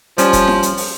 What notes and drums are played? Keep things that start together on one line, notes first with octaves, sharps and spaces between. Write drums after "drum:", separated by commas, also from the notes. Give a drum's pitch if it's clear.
F3 G3 C#4, drum: hi-hat
drum: kick E1, hi-hat
drum: snare E4
drum: hi-hat
drum: open hi-hat